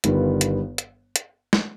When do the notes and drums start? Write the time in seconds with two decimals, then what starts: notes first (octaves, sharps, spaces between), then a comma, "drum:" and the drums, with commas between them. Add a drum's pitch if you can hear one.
0.04 G1 G2 D#3 G3 B3, drum: hi-hat
0.41 drum: hi-hat
0.78 drum: hi-hat
1.16 drum: hi-hat
1.53 drum: snare